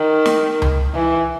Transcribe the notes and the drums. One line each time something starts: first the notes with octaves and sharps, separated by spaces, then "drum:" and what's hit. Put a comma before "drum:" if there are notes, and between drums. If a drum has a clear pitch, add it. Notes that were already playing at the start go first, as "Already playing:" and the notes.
Already playing: D#3
drum: snare
drum: tom C#2
E3